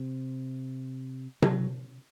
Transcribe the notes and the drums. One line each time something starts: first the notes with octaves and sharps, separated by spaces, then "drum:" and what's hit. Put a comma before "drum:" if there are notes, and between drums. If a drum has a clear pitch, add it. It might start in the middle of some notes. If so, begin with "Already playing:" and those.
Already playing: C3
F#3, drum: tom C3